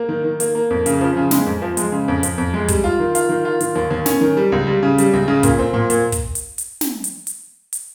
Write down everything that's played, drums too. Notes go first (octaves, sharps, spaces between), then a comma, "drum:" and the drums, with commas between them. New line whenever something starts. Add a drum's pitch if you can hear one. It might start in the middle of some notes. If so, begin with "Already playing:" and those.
Already playing: A#3
D#3
D#3
A#3, drum: hi-hat
A#3
F2
C#3, drum: hi-hat
F3
C#3
G#3, drum: snare
F2
F3
G#3, drum: hi-hat
C#3
F2
F2, drum: hi-hat
F2
G#3
G3, drum: kick, hi-hat
F4
D#3
F4, drum: hi-hat
D#3
F4
D#3, drum: hi-hat
D#2
D#2
C#4, drum: snare
D#3
G3
C#2
G3
C#3
G3, drum: hi-hat
C#2
C#3
A#2, drum: kick, hi-hat
C4
A#2
A#2, drum: hi-hat
drum: kick, hi-hat
drum: hi-hat
drum: hi-hat
drum: snare
drum: hi-hat
drum: hi-hat
drum: hi-hat